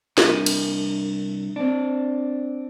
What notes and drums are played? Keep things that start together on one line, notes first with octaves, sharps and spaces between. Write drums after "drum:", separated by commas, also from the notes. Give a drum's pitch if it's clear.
C2 D4 A#4 D#5 E5, drum: snare
drum: cymbal
C4 D4